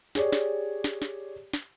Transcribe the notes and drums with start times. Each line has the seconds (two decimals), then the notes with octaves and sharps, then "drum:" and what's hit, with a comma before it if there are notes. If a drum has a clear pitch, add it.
0.15 G4 G#4 C#5 D5, drum: snare
0.32 drum: snare
0.84 drum: snare
1.02 drum: snare
1.53 drum: snare